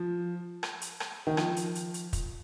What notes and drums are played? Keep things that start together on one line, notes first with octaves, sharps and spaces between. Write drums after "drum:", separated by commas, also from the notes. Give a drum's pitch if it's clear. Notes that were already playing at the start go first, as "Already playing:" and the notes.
Already playing: F3
drum: rim click
drum: hi-hat
drum: rim click
D#3
F3, drum: rim click
drum: hi-hat
drum: hi-hat
drum: hi-hat
drum: kick, hi-hat